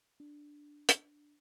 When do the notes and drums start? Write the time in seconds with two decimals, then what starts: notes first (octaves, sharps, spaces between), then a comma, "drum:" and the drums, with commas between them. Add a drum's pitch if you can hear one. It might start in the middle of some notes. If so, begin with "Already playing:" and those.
0.20 D4
0.89 drum: hi-hat